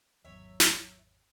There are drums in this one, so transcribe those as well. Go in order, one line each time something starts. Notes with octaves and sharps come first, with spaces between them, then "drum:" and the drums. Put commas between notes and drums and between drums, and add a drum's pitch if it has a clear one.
G#1 E2 F#3 C#5 E5
drum: snare